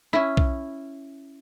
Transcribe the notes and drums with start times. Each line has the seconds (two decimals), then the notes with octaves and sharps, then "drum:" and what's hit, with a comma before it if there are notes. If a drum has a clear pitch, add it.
0.13 C#4 E4
0.37 drum: kick B1